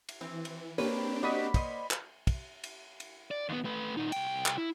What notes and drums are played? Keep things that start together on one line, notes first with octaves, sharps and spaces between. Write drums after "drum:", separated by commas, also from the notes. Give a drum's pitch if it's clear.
drum: cymbal
E3 C4
drum: cymbal
A#3 C4 D4 G4 B4 C#5
F#4 D5 D#5 B5 B6
C5 D#5, drum: kick, cymbal
drum: clap
drum: kick, cymbal
drum: cymbal
drum: cymbal
D5
D#2 B3
A3 B4
A#2 D#4
C2 G5, drum: cymbal
drum: clap
E4